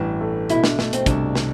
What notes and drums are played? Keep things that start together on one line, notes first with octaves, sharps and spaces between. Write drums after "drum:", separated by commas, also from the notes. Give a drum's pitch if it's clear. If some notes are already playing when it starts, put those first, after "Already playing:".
Already playing: A1 G2 E3 D4
A3
B2 E4, drum: hi-hat
D4, drum: snare
A3, drum: snare
C4, drum: hi-hat
C2 D4, drum: kick, hi-hat
drum: snare